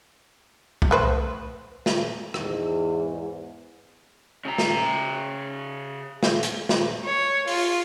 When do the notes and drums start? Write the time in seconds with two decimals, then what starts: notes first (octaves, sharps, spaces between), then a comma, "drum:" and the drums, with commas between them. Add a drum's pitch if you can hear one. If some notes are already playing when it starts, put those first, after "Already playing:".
0.82 drum: kick
0.91 A3 B4 C5
1.86 drum: snare
2.34 E2 G#2, drum: rim click
4.45 C#3 A#5
4.58 drum: snare
6.23 drum: snare
6.43 drum: hi-hat
6.69 drum: snare
7.05 C#5
7.47 F4, drum: open hi-hat